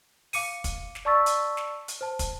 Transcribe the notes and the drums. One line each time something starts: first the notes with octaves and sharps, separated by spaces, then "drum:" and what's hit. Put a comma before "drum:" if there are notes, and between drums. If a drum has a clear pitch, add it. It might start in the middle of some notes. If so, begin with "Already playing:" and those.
F5 D6 C#7 D#7, drum: open hi-hat
drum: kick, hi-hat
drum: snare
D5 A5 C#6 E6 A6 B6
drum: hi-hat
drum: snare
drum: hi-hat
C5 A5
drum: kick, hi-hat